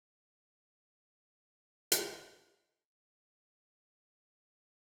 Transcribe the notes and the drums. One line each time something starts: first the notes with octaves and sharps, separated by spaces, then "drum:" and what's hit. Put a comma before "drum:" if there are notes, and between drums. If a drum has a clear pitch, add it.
A4 C5 C#5
drum: hi-hat
F3 C#4 C#5 F5
G5 D#6
G#3 F#4 G4 G5 G6